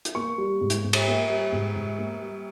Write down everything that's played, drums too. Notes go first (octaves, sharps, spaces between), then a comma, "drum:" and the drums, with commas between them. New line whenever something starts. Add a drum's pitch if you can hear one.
drum: hi-hat
A#3 C#6
G3
G#2
drum: hi-hat
G#2
drum: cymbal
A#3
G3
G#2
G#2
A#3
G3